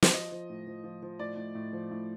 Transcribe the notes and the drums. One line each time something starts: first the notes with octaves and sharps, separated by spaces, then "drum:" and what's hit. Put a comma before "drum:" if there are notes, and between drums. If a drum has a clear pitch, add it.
drum: snare
F3 D#5
F3
A2
F3
F3
F3
A2 D5
A2
A2
F3
A2